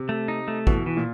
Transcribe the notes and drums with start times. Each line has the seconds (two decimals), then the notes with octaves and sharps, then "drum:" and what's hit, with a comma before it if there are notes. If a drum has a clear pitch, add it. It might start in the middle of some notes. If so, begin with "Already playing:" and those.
Already playing: C3
0.09 A3
0.28 D#4
0.48 A3
0.67 B2 E3, drum: kick
0.86 E3
0.97 A#2